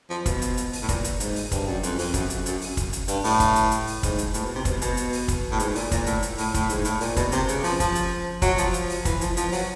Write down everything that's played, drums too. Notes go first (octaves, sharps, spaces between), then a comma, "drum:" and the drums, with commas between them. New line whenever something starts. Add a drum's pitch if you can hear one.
F3
B2, drum: kick, hi-hat
drum: hi-hat
drum: hi-hat
drum: open hi-hat
A2
A#2, drum: kick, hi-hat
drum: hi-hat
G#2, drum: hi-hat
drum: open hi-hat
G2, drum: kick, hi-hat
F#2
F2, drum: hi-hat
F2, drum: open hi-hat
F#2, drum: kick, hi-hat
F#2, drum: hi-hat
F#2, drum: hi-hat
drum: open hi-hat
drum: kick, hi-hat
drum: hi-hat
G2, drum: hi-hat
A2, drum: open hi-hat
drum: kick, hi-hat
drum: hi-hat
drum: hi-hat
drum: open hi-hat
G#2, drum: kick, hi-hat
drum: hi-hat
A2, drum: hi-hat
B2
C3
B2, drum: kick, hi-hat
B2, drum: hi-hat
drum: hi-hat
drum: open hi-hat
drum: kick, hi-hat
A2
G#2, drum: hi-hat
A#2, drum: open hi-hat
A#2, drum: kick, hi-hat
A2, drum: hi-hat
drum: hi-hat
A2, drum: open hi-hat
A2, drum: kick, hi-hat
G#2, drum: hi-hat
A2, drum: hi-hat
A#2, drum: open hi-hat
B2, drum: kick, hi-hat
C3, drum: hi-hat
C#3, drum: hi-hat
F3, drum: open hi-hat
F3, drum: kick, hi-hat
drum: hi-hat
F#3, drum: kick, hi-hat
F3, drum: hi-hat
drum: hi-hat
drum: open hi-hat
E3, drum: kick, hi-hat
F3, drum: hi-hat
F3, drum: hi-hat
F#3, drum: open hi-hat